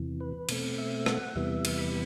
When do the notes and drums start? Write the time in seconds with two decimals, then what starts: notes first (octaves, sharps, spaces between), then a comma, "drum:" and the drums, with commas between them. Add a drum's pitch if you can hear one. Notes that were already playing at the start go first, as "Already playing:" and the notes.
Already playing: E2 C3 E3
0.20 B4
0.49 B2 A3 C4, drum: cymbal
0.78 E5
1.06 F#5, drum: rim click
1.35 E2 C3 E3 G3 B3 E5
1.65 drum: cymbal
1.79 B5